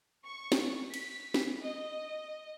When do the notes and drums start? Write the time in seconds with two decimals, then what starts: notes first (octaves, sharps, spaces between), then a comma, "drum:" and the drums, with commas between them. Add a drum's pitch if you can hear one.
0.25 C#6
0.52 drum: snare
0.94 B6, drum: cymbal
1.34 drum: snare
1.62 D#5